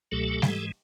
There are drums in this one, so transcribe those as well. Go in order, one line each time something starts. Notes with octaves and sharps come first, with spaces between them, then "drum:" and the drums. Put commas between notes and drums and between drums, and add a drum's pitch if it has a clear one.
C#2 B2 F#3 A3 G4 A4
G#2 E3 G#3, drum: snare G3